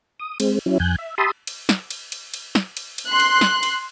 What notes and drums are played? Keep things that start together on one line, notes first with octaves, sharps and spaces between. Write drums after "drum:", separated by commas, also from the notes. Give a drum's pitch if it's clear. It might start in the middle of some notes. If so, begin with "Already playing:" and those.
D#6
G#3 C4, drum: cymbal
F#3 C#4 E4
F2 G#5 F#6 G6
E5
G4 E5 A5 B5 C6 D#6
drum: cymbal
drum: snare
drum: cymbal
drum: cymbal
drum: cymbal
drum: snare
drum: cymbal
drum: cymbal
C6 F#6
drum: cymbal
drum: snare
drum: cymbal